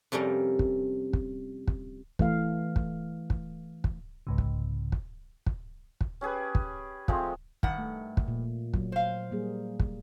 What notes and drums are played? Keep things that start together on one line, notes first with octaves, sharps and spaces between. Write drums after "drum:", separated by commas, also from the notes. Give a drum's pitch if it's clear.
F2 C3 G3 C#4 A#4
drum: kick
drum: kick
drum: kick
E3 A3 F5, drum: kick
drum: kick
drum: kick
drum: kick
C2 G#2 C#3
drum: kick
drum: kick
drum: kick
drum: kick
C#4 G4 G#4 B4
drum: kick
F3 G#3 A3 C4, drum: kick
G2 D#3 F#5, drum: kick
A3
drum: kick
A#2
F#3, drum: kick
C5 F5
G3 A#3 G#4
drum: kick